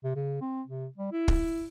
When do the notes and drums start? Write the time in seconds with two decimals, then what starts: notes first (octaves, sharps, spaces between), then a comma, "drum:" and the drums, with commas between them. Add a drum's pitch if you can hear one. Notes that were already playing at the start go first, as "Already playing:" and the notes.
0.04 C3
0.16 C#3
0.41 C4
0.67 C3
0.98 G3
1.12 E4
1.28 drum: kick